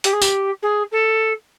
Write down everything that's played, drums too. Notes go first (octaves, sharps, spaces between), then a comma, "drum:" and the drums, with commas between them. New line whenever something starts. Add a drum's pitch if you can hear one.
G4, drum: hi-hat
G#4
G4, drum: tambourine
G#4
A4